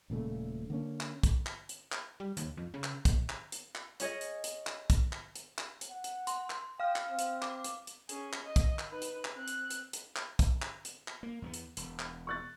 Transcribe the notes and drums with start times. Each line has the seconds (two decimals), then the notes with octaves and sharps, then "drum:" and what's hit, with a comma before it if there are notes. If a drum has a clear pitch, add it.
0.10 D#1 A#2 C#3 A3
0.70 D3 A#3 C#4
1.01 drum: clap
1.23 drum: kick, hi-hat
1.46 drum: clap
1.69 drum: hi-hat
1.92 drum: clap
2.20 G3
2.37 D#2, drum: hi-hat
2.57 F2
2.74 C#3
2.84 drum: clap
3.05 A#1, drum: kick, hi-hat
3.29 drum: clap
3.52 drum: hi-hat
3.75 drum: clap
4.00 C#4 G#4 C#5 D#5, drum: hi-hat
4.21 drum: hi-hat
4.44 drum: hi-hat
4.67 drum: clap
4.90 drum: kick, hi-hat
5.13 drum: clap
5.36 drum: hi-hat
5.58 drum: clap
5.81 drum: hi-hat
5.91 F#5
6.04 drum: hi-hat
6.27 C6, drum: hi-hat
6.50 drum: clap
6.80 F5 G5 F6
6.96 drum: clap
7.09 C4
7.19 drum: hi-hat
7.42 D6, drum: clap
7.64 drum: hi-hat
7.87 drum: hi-hat
8.09 C#4 G#4, drum: hi-hat
8.33 drum: clap
8.45 D#5
8.56 drum: kick, hi-hat
8.79 drum: clap
8.91 D#4 B4
9.02 drum: hi-hat
9.25 drum: clap
9.35 C4 F#6
9.48 drum: hi-hat
9.70 drum: hi-hat
9.93 drum: hi-hat
10.16 drum: clap
10.39 drum: kick, hi-hat
10.62 drum: clap
10.85 drum: hi-hat
11.08 drum: clap
11.23 A#3
11.42 E2 A#3 B3
11.54 drum: hi-hat
11.77 E1, drum: hi-hat
11.99 drum: clap
12.27 C#6 F#6 A6